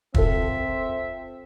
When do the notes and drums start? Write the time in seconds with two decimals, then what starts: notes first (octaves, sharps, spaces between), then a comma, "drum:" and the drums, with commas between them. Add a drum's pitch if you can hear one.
0.14 C4 F4 A4 E5, drum: kick